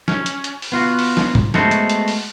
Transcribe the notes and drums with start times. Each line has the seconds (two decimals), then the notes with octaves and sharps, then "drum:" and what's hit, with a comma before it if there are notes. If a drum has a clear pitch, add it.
0.08 C#4, drum: snare
0.26 drum: hi-hat
0.44 drum: hi-hat
0.62 drum: open hi-hat
0.72 B3 F4 F#4
0.99 drum: open hi-hat
1.17 drum: snare
1.35 drum: tom G2
1.54 G#3 A3 B3 F#4 A4 C5, drum: snare
1.71 drum: hi-hat
1.90 drum: hi-hat
2.08 drum: open hi-hat